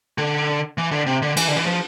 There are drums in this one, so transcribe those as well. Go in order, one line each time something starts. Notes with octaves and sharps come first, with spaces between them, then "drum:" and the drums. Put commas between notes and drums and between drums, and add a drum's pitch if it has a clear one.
D3
E3
D3
C3
D3
E3, drum: cymbal
D3
E3
F3